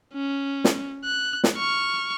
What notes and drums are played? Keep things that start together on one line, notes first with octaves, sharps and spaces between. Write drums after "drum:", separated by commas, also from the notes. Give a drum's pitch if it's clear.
C#4
drum: snare
F#6
drum: snare
C#6 F6